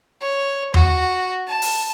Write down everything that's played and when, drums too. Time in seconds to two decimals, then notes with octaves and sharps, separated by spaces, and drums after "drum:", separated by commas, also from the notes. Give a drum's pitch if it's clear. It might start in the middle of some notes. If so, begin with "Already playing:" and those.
0.21 C#5
0.74 F#4, drum: tom E2
1.48 A5
1.62 drum: open hi-hat